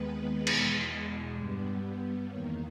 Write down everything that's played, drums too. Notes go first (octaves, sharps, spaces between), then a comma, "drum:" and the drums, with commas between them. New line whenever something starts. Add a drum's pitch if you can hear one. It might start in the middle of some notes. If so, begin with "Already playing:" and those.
Already playing: D#2 D#3 G#3 B3 B4
E2 B2 G#3, drum: cymbal
G2 G3 B3
E2 D#3 A#3 C#5